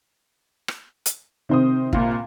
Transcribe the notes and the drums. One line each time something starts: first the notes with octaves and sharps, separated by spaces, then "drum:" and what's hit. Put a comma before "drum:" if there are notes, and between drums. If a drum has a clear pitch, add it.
drum: rim click
drum: hi-hat
C3 D#3 C5 D#6
C#2 A#2 F4, drum: kick